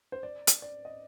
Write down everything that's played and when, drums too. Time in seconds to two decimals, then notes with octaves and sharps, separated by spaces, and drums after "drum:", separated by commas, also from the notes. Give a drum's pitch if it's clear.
0.12 C5
0.23 D5
0.47 drum: hi-hat
0.62 D5
0.85 D#5